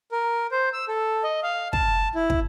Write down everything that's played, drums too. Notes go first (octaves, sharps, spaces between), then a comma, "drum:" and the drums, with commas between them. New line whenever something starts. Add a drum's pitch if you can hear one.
A#4
C5
E6
A4
D#5
F5
A5, drum: kick
E4
drum: kick